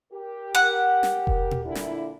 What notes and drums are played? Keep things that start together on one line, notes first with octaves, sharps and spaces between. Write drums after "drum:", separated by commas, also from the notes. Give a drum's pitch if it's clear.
G4 A#4
F#5
drum: snare
drum: kick F1
drum: tom A#2
A#2 D3 E4
drum: snare